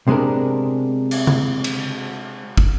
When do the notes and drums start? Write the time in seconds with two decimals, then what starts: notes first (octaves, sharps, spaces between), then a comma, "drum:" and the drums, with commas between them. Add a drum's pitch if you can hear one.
0.07 C3 G#3 B3 D4 A#4
1.11 drum: cymbal
1.27 drum: tom C#3
1.64 drum: cymbal
2.57 drum: kick